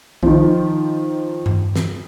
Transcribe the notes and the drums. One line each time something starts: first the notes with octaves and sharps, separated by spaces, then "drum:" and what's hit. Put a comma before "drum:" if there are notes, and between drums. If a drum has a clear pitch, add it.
D#3 F3, drum: kick B1
drum: tom G2
drum: snare